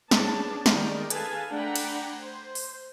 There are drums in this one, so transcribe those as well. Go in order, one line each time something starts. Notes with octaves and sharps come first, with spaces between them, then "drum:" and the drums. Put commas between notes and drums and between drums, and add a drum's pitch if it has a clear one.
B3 C#4 D4 G#4 A5, drum: snare
D#3 G#3 D#4 G4 A#4 D5, drum: snare
G#4 A4 B4 F5 G#5 A5, drum: hi-hat
A3 D4 F#5 G5 A#5 B5
drum: cymbal
C5
drum: open hi-hat